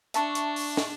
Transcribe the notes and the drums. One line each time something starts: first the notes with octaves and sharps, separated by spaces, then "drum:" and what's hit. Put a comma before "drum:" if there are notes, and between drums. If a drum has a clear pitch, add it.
D4 E5 A5 C#6, drum: hi-hat
drum: hi-hat
drum: open hi-hat
drum: snare